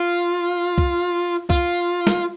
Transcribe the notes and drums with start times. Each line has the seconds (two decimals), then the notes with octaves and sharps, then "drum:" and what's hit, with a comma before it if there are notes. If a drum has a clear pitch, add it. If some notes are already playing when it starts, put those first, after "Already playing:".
Already playing: F4
0.78 drum: kick C2
1.50 F4, drum: kick C2
2.07 drum: snare